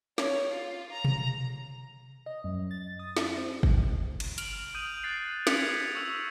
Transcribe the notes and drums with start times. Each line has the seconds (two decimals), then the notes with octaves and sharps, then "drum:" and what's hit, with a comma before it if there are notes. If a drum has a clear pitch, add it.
0.18 C#5, drum: snare
0.51 F4
0.92 A#5
1.05 drum: tom B2
2.26 D#5
2.44 F#2
2.71 A6
2.99 D#6
3.17 E4, drum: snare
3.37 C4
3.63 drum: kick
4.20 drum: cymbal
4.38 F6 D7 F7 F#7, drum: hi-hat
4.75 D#6 G6 D7 D#7 F#7
5.03 F#6 A6 C7 F#7
5.47 G6 G#6 B6 C#7 F7 F#7, drum: snare
5.95 C#6 E6 F6